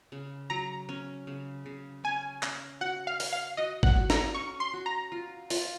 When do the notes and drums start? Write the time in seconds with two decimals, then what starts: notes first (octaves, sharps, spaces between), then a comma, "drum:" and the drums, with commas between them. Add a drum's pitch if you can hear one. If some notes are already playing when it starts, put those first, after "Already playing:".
0.12 C#3
0.50 F#3 A#5
0.89 C#4
1.27 C#3
1.66 C#3
2.04 C#4 G#5
2.43 C#4, drum: clap
2.81 F#4 F#5
3.07 F5
3.20 C#5, drum: open hi-hat
3.33 F5
3.57 F#4 D#5
3.83 F#5, drum: kick
3.96 F#4
4.10 A#5, drum: snare
4.34 C#4 C#6
4.60 C6
4.73 F#4
4.86 A#5
5.12 F4
5.50 F4, drum: open hi-hat